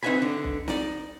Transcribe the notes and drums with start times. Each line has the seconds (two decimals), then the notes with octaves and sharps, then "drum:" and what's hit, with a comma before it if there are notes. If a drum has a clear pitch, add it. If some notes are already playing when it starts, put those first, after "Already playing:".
0.03 C4 D#4 B4 E5 G#5 B5
0.22 D3
0.44 drum: kick B1
0.68 D#4 D5, drum: snare